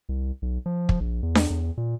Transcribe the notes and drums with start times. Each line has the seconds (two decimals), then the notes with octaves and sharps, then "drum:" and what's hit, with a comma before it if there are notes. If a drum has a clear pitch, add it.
0.09 C2
0.42 B1
0.66 F3
0.89 drum: kick
1.00 A#1
1.23 E2
1.35 drum: snare D4
1.50 E2
1.77 A#2